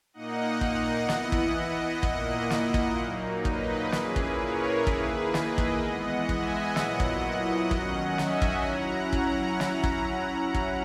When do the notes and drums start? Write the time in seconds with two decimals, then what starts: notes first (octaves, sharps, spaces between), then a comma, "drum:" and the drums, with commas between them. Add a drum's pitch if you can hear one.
0.14 A#2 A#3 D#4 D#5 F#5
0.61 drum: kick
1.09 E3 B3 E4, drum: snare
1.32 drum: kick
1.56 D#5 F#5
2.03 A#2 A#3 E4, drum: kick
2.50 drum: snare
2.74 drum: kick
2.98 A#2 F#3 A#3 D#4
3.45 B4 D#5, drum: kick
3.92 A#2 A#3 C#4 E4 G#4 B4, drum: snare
4.16 drum: kick
4.39 A#4 C#5
4.87 D#3 A#3 E4 G#4 B4, drum: kick
5.34 B4 D#5, drum: snare
5.58 drum: kick
5.81 E3 G#3 B3 D#5 F#5
6.29 E5 G#5, drum: kick
6.76 A#2 F#3 B3 E4 D#5 F#5, drum: snare
7.00 drum: kick
7.71 D#3 F#3 C#4, drum: kick
8.18 E5 G#5, drum: snare
8.42 drum: kick
8.65 F#3 C#4 E4 F#5 A#5
9.13 drum: kick
9.60 drum: snare
9.84 drum: kick
10.54 drum: kick